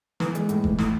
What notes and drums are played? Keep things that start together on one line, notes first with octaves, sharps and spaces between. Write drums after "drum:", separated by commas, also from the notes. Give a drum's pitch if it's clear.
E3, drum: snare
G#3, drum: hi-hat
A2, drum: hi-hat
E3, drum: kick F#1
A2, drum: snare